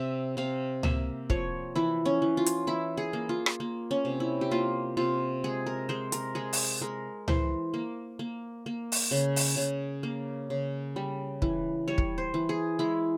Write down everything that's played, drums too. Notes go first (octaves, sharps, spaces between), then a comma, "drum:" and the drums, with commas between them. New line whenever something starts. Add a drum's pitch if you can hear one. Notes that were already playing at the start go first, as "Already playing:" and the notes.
Already playing: C3 E5
C3 F5
A#3 E5, drum: tom C#2
F3 C#5, drum: kick
E3 E4
C#4
E3
F4
drum: hi-hat
E3 E4
G#4
A#3
F4
drum: rim click
A#3
C#4
C3
E4
G4
A#3 F4
C3 F4
G#3 G#4
A#4
G#3 C5
A#4, drum: hi-hat
G#3 G#4
drum: open hi-hat
G#3 A#4
E3 C5, drum: tom C#2
A#3
A#3
A#3
drum: open hi-hat
C#3
drum: open hi-hat
C#3
A#3
C#3
G3
E3, drum: kick
G3 C#5
drum: kick
C5
E3
G#4
G#3 E4